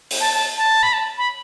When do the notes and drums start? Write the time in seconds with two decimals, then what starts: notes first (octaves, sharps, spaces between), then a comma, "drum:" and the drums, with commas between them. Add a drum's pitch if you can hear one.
0.11 drum: open hi-hat
0.20 A5
0.33 A5
0.57 A5
0.83 B5
0.93 A5
1.18 B5